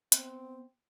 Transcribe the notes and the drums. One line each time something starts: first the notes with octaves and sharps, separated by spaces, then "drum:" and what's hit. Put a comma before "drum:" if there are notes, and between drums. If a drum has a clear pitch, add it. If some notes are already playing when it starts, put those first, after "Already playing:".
B3 C4, drum: hi-hat